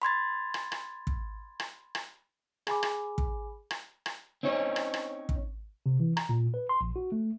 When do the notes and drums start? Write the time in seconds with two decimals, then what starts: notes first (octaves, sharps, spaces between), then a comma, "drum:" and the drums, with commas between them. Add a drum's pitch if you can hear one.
0.02 B5 C6 G#6 A6
0.54 drum: rim click
0.72 drum: rim click
1.07 drum: kick
1.60 drum: rim click
1.95 drum: rim click
2.67 G#4 G#5 B5 D6, drum: rim click
2.83 drum: rim click
3.18 drum: kick
3.71 drum: rim click
4.06 drum: rim click
4.43 C4 C#4 D#4 C#5
4.76 drum: rim click
4.94 drum: rim click
5.29 drum: kick
5.86 C3
6.00 E3
6.17 A#5, drum: rim click
6.29 A#2
6.54 B4
6.69 C6
6.81 A#1
6.96 F#4
7.12 A3